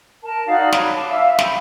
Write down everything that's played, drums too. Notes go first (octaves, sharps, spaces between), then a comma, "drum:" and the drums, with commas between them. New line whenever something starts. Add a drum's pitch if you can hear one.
A#4 A5
D#4 F#4 D5 F5
C#5 B5, drum: snare
A5 D6
E5 F5 E6
G5 B5, drum: snare